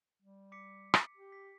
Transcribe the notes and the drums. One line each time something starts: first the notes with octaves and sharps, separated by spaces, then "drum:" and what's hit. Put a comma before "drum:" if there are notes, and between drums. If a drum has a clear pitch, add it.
G3
D6 B6 C#7
drum: rim click
G4
B6